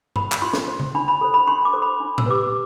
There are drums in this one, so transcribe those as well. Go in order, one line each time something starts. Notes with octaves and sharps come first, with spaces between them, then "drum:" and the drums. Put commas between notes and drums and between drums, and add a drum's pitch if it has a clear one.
C5 B5, drum: tom G2
drum: clap
F4 C6
drum: snare
C5
drum: tom C#3
D4 B5
B5
A4 C5
B5
D4 C6
D6
A4 C5
B5
D4
E6, drum: tom A2
G4 B4 D6
E6